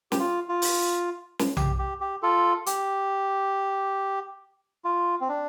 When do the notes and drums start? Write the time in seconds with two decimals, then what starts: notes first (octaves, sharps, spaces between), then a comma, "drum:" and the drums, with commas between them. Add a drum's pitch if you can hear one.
0.12 G4, drum: snare
0.19 F4
0.48 F4
0.62 drum: open hi-hat
1.39 drum: snare
1.57 G4, drum: tom B1
1.78 G4
2.00 G4
2.23 F4 A4
2.66 G4, drum: hi-hat
4.85 F4
5.21 C4
5.29 D4